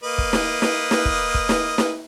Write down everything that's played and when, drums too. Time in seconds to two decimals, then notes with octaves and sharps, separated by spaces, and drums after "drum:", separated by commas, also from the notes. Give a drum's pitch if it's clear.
0.04 A#3 B4 D#5
0.18 drum: kick
0.33 drum: snare
0.62 drum: snare
0.91 drum: snare
1.05 drum: kick
1.34 drum: kick
1.49 drum: snare
1.78 drum: snare